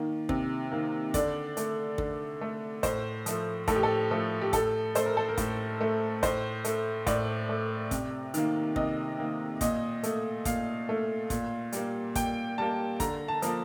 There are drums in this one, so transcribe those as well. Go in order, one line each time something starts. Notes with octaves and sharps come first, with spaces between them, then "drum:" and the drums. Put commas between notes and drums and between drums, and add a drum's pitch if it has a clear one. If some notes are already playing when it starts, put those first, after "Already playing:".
Already playing: D#3 A#3
C3, drum: kick
D#3 A#3
D3 D5, drum: kick, hi-hat
A3, drum: hi-hat
D3, drum: kick
A3
A2 C5, drum: kick, hi-hat
F3 A3, drum: hi-hat
A2 A4, drum: kick, hi-hat
G4
A4
F3 A3
G4
A2 A4, drum: kick, hi-hat
A3 C5, drum: hi-hat
A#4
A4
A#4
A2, drum: kick, hi-hat
A3
A2 C5, drum: kick, hi-hat
A3, drum: hi-hat
A2 D5, drum: kick, hi-hat
A3
C3, drum: kick, hi-hat
D#3 A#3, drum: hi-hat
C3 D#5, drum: kick
D#3 A#3
A#2 D#5, drum: kick, hi-hat
A3, drum: hi-hat
A#2 F5, drum: kick, hi-hat
A3
A#2, drum: kick, hi-hat
G3 A#3, drum: hi-hat
A#2 G5, drum: kick, hi-hat
G3 A#3 A5
D3 A#5, drum: kick, hi-hat
A5
F3 A#3, drum: hi-hat